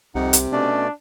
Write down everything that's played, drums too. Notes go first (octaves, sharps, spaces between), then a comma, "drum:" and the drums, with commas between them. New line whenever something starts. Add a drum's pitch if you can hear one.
C2 F2 C3 D#4 F#5
drum: hi-hat
B2 A3 C#4 D4 D5